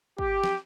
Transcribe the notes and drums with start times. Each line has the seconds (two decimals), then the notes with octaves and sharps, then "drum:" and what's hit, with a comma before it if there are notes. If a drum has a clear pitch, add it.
0.18 G4, drum: kick
0.44 drum: snare